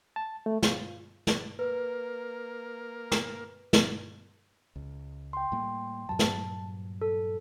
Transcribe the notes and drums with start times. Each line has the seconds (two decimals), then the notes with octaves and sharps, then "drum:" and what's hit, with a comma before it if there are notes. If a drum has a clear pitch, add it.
0.16 A5
0.46 A3
0.63 F4, drum: snare
1.27 drum: snare
1.59 A#3 A#4 B4
3.11 drum: snare
3.73 drum: snare
4.76 C#2
5.33 G5 C6
5.52 A2 G3 A#3
6.09 G2 A#2 F#3 A5
6.19 drum: snare
7.01 A4